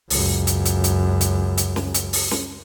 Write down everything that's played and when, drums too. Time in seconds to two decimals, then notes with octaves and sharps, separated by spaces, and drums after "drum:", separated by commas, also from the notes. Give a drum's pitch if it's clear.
0.10 C#2 F#2, drum: open hi-hat
0.47 drum: hi-hat
0.66 drum: hi-hat
0.84 drum: hi-hat
1.21 drum: hi-hat
1.58 drum: hi-hat
1.76 drum: snare
1.94 drum: hi-hat
2.13 drum: open hi-hat
2.31 drum: snare